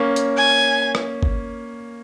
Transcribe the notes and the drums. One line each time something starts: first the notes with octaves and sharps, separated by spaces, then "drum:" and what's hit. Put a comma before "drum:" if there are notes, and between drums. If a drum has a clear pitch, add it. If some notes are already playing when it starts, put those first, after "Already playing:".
Already playing: A#3 C#4
drum: hi-hat
G#5
drum: rim click
drum: kick G1